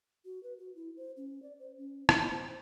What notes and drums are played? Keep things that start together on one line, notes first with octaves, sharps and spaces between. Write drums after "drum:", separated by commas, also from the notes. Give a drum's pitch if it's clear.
F#4
B4
F#4
E4
C5
C#4
D5
C5
C#4
B3, drum: rim click
C5
C5